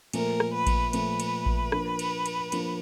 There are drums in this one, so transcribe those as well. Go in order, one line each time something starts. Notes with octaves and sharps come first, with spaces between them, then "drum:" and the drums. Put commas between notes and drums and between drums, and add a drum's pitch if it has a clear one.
A#2 F3 A3 A#4, drum: cymbal
drum: rim click
B4
drum: kick A1, cymbal
A#2 F3 A3 B4, drum: cymbal
drum: cymbal
drum: kick A1
F3 A#3 D4, drum: rim click
drum: cymbal
drum: cymbal
F3 A#3 D4, drum: cymbal